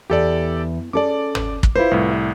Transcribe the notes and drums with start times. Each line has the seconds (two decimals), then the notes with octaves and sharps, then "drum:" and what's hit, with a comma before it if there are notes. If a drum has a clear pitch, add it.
0.10 E2 G4 A4 D5
0.93 C#4 G#4 A4 D5 D6
1.35 drum: tom
1.63 drum: kick
1.75 E4 F4 B4 C5
1.91 C2 A2